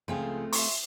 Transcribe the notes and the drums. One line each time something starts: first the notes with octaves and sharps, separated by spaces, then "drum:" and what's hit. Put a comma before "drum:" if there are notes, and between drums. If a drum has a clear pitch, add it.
C#2 F3 A3 C4 F4 G#4
E5 C6 C#6, drum: open hi-hat